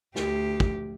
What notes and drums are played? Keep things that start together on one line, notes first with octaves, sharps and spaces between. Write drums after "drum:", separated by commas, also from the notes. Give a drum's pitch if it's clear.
D2 G4, drum: snare
drum: kick